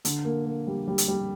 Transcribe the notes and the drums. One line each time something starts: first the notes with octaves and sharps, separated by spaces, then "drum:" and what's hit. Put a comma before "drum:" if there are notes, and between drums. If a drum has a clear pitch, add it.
D3, drum: hi-hat
A#3
A#3
G3
G3
drum: hi-hat
G3